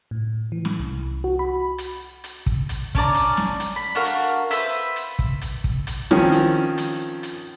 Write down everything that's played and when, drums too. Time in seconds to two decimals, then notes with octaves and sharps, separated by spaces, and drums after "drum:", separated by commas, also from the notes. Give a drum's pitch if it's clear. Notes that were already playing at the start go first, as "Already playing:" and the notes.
0.11 A2
0.52 E3
0.65 drum: snare
0.80 C2
1.24 F#4
1.39 B5
1.78 drum: hi-hat
2.24 drum: hi-hat
2.46 drum: kick
2.69 drum: hi-hat
2.95 C#4 D4 D5 A#5, drum: kick
3.14 drum: hi-hat
3.37 drum: snare
3.60 drum: hi-hat
3.76 B5
3.95 D4 F#4 A#4 F5
4.05 drum: hi-hat
4.51 B4 C5 E5, drum: hi-hat
4.96 drum: hi-hat
5.19 drum: kick
5.41 drum: hi-hat
5.64 drum: kick
5.87 drum: hi-hat
6.11 D#3 F3 C4 C#4, drum: snare
6.32 drum: hi-hat
6.78 drum: hi-hat
7.23 drum: hi-hat